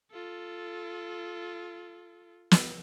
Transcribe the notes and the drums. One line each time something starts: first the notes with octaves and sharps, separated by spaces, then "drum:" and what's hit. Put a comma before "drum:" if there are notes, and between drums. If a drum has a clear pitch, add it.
F4 A4
drum: snare